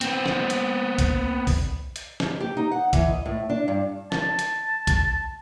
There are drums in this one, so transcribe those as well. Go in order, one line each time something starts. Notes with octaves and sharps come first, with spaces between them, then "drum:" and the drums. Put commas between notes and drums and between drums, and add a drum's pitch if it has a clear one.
B3 C4, drum: hi-hat
drum: snare
drum: hi-hat
drum: kick A#1, hi-hat
drum: kick A#1, open hi-hat
drum: hi-hat
drum: snare
G4
D#4
F#5
E3, drum: kick A#1, hi-hat
D#5
A2
D4
G2
A5, drum: snare
drum: hi-hat
drum: kick A#1, hi-hat